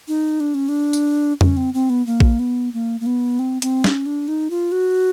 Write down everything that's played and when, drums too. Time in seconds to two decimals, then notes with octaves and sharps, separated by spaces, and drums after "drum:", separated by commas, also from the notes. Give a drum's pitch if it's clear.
0.08 D#4
0.40 D4
0.54 C#4
0.69 D4
0.93 drum: tambourine
1.41 C#4, drum: tom F2
1.57 C4
1.74 C4
1.90 B3
2.07 A#3
2.20 drum: kick A#1
2.39 B3
2.74 A#3
3.00 A#3
3.06 B3
3.39 C4
3.62 C4, drum: hi-hat
3.84 C#4, drum: snare
4.06 D4
4.28 D#4
4.50 F4
4.72 F#4